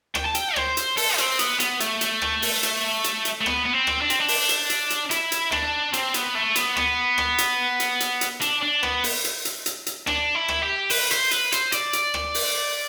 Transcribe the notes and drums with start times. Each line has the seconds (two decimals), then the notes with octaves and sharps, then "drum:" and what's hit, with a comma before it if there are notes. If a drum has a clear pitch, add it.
0.15 G5, drum: rim click
0.25 A5
0.35 G5, drum: hi-hat
0.56 C5, drum: rim click
0.77 drum: hi-hat
0.97 A4, drum: open hi-hat
1.18 C4, drum: hi-hat
1.39 B3, drum: hi-hat
1.60 B3, drum: hi-hat
1.80 A3, drum: hi-hat
2.01 drum: hi-hat
2.22 drum: rim click
2.42 drum: open hi-hat
2.63 drum: hi-hat
3.04 drum: hi-hat
3.25 drum: hi-hat
3.41 A3
3.46 B3, drum: rim click
3.66 B3
3.73 C4
3.87 drum: rim click
4.01 D4
4.10 C4, drum: hi-hat
4.19 D4
4.28 drum: open hi-hat
4.49 drum: hi-hat
4.70 drum: hi-hat
4.90 drum: hi-hat
5.11 E4, drum: hi-hat
5.32 drum: hi-hat
5.52 D4, drum: rim click
5.93 C4, drum: hi-hat
6.14 B3, drum: hi-hat
6.35 A3
6.56 B3, drum: hi-hat
6.77 B3, drum: rim click
7.18 drum: rim click
7.38 drum: hi-hat
7.80 drum: hi-hat
8.00 drum: hi-hat
8.21 drum: hi-hat
8.41 D4, drum: hi-hat
8.63 D4
8.83 B3, drum: rim click
9.04 drum: open hi-hat
9.24 drum: hi-hat
9.45 drum: hi-hat
9.66 drum: hi-hat
9.86 drum: hi-hat
10.07 D4, drum: rim click
10.35 E4
10.48 drum: rim click
10.62 G4
10.90 B4, drum: open hi-hat
11.11 C5, drum: hi-hat
11.31 B4, drum: hi-hat
11.52 C5, drum: hi-hat
11.72 D5, drum: hi-hat
11.93 drum: hi-hat
12.14 drum: rim click
12.35 drum: open hi-hat